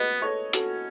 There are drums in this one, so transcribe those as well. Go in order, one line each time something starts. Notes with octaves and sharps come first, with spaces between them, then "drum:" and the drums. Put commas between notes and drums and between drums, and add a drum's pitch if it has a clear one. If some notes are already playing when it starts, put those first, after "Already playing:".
Already playing: B3 F#4 B4 D#5
A4 C#5
C#4 F#4 A4, drum: hi-hat